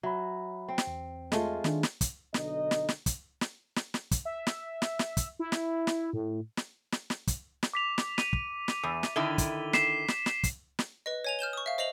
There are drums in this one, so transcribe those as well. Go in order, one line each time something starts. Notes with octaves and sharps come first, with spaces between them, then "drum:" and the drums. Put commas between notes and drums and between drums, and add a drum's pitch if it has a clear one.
F#3 E5 B5
C4
drum: snare
E2
G#3 A3 F4, drum: snare
D#3 D4 G#4, drum: snare
drum: snare
drum: kick, hi-hat
B1 D3 D#4 D#5, drum: snare
drum: snare
drum: snare
drum: kick, hi-hat
drum: snare
drum: snare
drum: snare
drum: kick, hi-hat
E5
drum: snare
drum: snare
drum: snare
drum: kick, hi-hat
E4
drum: snare
drum: snare
A2
drum: snare
drum: snare
drum: snare
drum: kick, hi-hat
drum: snare
D6 B6 F7
drum: snare
D#7, drum: snare
drum: kick
drum: snare
E2
drum: snare
D3 D#3 E4 G7
drum: kick, hi-hat
B6 C7 E7, drum: snare
drum: snare
drum: snare
drum: kick, hi-hat
drum: snare
B4 D#5
C#5 G#5 F7
F6 G6 E7 G7
C#6 D#6
E5 F5
C5 D#5 C7 F7 F#7